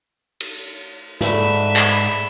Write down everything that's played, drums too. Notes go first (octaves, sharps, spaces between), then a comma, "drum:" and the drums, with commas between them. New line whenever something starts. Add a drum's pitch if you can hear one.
drum: cymbal
drum: tambourine
G#2 G3 A3 B4 E5, drum: snare
drum: clap